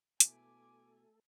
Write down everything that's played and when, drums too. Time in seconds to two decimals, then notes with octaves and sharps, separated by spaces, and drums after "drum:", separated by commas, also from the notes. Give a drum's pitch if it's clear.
0.20 B2 A3 E4 A4 G#5 D6, drum: hi-hat